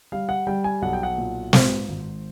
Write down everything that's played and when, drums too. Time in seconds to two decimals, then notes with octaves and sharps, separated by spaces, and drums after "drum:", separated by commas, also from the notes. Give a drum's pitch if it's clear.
0.12 G3 F5
0.29 F#5
0.47 G3 G5
0.64 G#5
0.82 B1 F#5
0.93 G5
1.03 F#5
1.18 A#2
1.53 G#2 C5, drum: snare
1.89 G#1